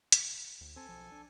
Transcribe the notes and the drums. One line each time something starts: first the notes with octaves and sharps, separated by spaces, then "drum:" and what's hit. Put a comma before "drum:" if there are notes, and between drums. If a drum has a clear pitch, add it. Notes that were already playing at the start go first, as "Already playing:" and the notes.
drum: hi-hat
D2
C4 A4 G#5
B1 F3
D4